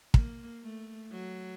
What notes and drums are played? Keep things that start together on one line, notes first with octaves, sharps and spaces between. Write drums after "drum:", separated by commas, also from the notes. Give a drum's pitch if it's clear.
A#3, drum: kick
A3
F#3